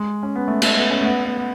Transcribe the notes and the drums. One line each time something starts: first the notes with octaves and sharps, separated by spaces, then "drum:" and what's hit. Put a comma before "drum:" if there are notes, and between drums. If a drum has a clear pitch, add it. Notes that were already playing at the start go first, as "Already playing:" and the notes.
Already playing: G#3
C#4
B3
A3
A3, drum: cymbal
B3
C#4
A3
B3
B3
B3